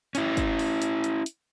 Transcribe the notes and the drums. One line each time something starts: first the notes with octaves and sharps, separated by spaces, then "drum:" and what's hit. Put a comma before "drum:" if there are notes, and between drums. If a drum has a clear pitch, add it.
C#4 E4, drum: hi-hat
drum: kick, hi-hat
drum: open hi-hat
drum: hi-hat
drum: hi-hat
drum: hi-hat